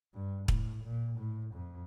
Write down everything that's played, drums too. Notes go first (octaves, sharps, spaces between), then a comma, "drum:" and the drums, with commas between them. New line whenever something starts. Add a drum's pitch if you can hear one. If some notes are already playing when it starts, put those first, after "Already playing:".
G2
A2, drum: kick
A#2
A2
F2